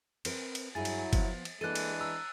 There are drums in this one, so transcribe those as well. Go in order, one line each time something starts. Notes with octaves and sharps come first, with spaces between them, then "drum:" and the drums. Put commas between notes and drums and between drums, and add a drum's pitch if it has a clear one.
C4 A#4 B4, drum: cymbal
drum: cymbal
G2 F#3 E4 G#4 G#5 A6
drum: cymbal
F3 B3, drum: kick F#1, cymbal
drum: cymbal
E3 G#3 A#3 D4 A4 F#6 A6 D#7
drum: cymbal
A#5 E6